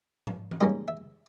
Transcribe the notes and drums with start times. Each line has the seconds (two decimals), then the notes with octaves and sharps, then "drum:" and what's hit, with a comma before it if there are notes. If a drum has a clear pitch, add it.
0.27 drum: tom G#2
0.51 drum: tom E3
0.61 G#2 G3 A#3 C#4 D#5
0.88 E5